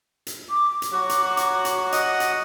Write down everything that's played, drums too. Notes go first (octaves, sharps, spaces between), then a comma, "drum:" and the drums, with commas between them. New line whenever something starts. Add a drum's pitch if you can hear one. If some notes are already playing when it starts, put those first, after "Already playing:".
drum: hi-hat
D6
drum: hi-hat
F#3 F#4
drum: hi-hat
drum: hi-hat
drum: hi-hat
D#5 F#5, drum: hi-hat
drum: hi-hat